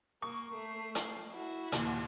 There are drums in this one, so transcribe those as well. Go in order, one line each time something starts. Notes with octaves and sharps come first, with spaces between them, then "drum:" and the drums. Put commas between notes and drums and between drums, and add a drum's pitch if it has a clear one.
A#3 C#6
A3 C7
drum: hi-hat
E4 F#4
D#2 A#2, drum: hi-hat